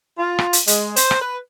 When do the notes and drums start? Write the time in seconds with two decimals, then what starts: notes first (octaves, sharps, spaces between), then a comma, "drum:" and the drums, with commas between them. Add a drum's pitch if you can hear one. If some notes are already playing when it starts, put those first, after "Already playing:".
0.18 F4
0.39 drum: rim click
0.53 drum: hi-hat
0.67 G#3, drum: hi-hat
0.96 C5, drum: hi-hat
1.11 drum: rim click
1.21 B4